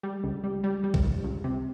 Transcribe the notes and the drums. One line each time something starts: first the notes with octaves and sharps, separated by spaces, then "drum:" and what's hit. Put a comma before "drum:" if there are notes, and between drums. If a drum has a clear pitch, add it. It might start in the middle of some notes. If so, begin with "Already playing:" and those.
G3
C#2
G3
G3
G3
drum: kick
C#2
C#2
C3